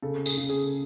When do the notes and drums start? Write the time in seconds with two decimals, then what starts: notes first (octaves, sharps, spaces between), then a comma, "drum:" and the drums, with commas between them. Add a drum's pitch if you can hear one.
0.02 C#3 A4
0.26 G#4, drum: tambourine
0.38 C#3
0.49 G#4